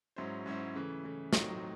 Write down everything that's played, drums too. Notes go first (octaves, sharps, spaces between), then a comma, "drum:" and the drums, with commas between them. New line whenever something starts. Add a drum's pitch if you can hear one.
G#2 F#3 C#4 E4 C5
G#2 F#3 C#4 E4 C5
C#3 E3 A3
C#3 E3 A3
A2 F#3 C4 D#4 F#4, drum: snare